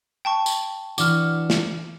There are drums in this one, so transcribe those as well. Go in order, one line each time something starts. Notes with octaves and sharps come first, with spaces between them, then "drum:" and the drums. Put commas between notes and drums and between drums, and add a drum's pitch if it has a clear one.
G5 A5 C#6
drum: tambourine
E3 D4 F#4 D6 F6, drum: tambourine
drum: snare